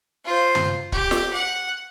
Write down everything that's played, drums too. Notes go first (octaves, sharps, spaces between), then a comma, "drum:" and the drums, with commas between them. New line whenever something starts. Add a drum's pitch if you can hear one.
F4 C5
drum: tom
G4, drum: kick
drum: snare
F#5